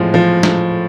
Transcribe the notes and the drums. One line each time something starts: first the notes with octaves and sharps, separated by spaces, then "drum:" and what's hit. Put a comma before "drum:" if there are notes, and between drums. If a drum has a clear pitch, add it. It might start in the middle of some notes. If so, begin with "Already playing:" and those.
Already playing: A2 F3 G#3
F3
drum: snare